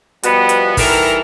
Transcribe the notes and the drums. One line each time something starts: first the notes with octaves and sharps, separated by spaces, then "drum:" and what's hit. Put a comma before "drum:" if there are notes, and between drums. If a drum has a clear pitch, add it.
B2 F3 G3 B3, drum: hi-hat
drum: hi-hat
D#3 E3 G3 A4 A#4, drum: kick, open hi-hat